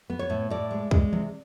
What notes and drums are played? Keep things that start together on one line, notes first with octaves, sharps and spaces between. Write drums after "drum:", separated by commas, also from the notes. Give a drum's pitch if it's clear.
B3
C#5
A2
A2 D5
G#3
G#3, drum: kick
C3, drum: tom D#3